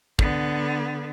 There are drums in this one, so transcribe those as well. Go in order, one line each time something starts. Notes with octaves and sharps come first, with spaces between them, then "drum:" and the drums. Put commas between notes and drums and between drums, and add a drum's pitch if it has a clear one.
D3 B3, drum: kick